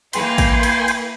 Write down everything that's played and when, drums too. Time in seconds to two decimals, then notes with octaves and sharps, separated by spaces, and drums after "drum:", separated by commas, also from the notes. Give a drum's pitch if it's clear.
0.13 A#3 E4 B4 G5 G#5 C6, drum: cymbal
0.38 drum: kick A1, cymbal
0.63 drum: cymbal
0.88 drum: cymbal